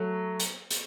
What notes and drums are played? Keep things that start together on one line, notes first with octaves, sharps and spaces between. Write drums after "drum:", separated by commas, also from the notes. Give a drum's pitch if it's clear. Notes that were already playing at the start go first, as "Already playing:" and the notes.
Already playing: F#3 A3
drum: hi-hat
drum: hi-hat